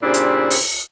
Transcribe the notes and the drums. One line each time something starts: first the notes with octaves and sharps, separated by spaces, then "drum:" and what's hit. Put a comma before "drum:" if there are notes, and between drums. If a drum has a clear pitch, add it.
A#2 C#3 G3 C4 D4 E4
drum: hi-hat
drum: open hi-hat